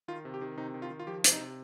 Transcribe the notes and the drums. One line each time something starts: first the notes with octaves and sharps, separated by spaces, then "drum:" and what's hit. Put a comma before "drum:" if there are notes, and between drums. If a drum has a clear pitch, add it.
D#3 F4
C3
G4
D#3
C3 D#4
D#3
F4
D#3
F4
F3 G4
C3, drum: hi-hat
D#4
C3